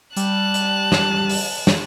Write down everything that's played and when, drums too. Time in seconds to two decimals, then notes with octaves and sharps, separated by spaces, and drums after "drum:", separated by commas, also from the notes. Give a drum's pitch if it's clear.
0.17 G3 A5 F#6, drum: hi-hat
0.54 drum: hi-hat
0.92 drum: snare
1.29 drum: open hi-hat
1.67 drum: snare